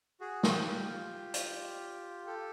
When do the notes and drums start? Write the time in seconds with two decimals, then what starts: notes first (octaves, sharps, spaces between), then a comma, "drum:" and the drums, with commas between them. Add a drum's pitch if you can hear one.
0.20 F#4 G#4
0.43 F4 G4, drum: snare
0.66 F4 G4
1.34 drum: hi-hat
2.26 G4 A4